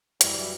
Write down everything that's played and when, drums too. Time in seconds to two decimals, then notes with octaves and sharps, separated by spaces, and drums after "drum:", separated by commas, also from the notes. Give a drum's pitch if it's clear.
0.21 F#2 E3 G3, drum: hi-hat
0.36 F#3